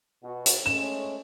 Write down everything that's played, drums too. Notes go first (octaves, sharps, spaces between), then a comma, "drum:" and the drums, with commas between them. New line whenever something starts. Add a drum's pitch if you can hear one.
B2 B3 F#4
drum: hi-hat
G#3 A3 C#4 E7